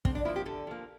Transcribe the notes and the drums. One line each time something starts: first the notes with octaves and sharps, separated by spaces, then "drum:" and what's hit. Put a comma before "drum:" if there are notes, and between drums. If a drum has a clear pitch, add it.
D3 C4, drum: kick
D4
F3 A#3 E4
G4
D3 A4
F3 A#3